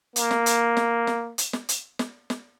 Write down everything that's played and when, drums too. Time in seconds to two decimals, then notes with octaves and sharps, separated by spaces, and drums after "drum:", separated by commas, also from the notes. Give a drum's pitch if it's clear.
0.16 A#3, drum: hi-hat
0.31 drum: snare
0.46 drum: hi-hat
0.77 drum: snare
1.07 drum: snare
1.38 drum: hi-hat
1.53 drum: snare
1.69 drum: hi-hat
1.99 drum: snare
2.30 drum: snare